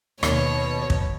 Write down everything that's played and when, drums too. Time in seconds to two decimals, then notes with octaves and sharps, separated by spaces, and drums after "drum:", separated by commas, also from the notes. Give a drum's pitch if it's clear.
0.23 D#2 B2 C#5, drum: rim click
0.90 drum: kick